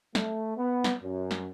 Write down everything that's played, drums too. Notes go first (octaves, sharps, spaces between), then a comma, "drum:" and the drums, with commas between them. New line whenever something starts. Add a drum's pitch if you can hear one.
A3, drum: snare
B3
drum: snare
F#2
drum: snare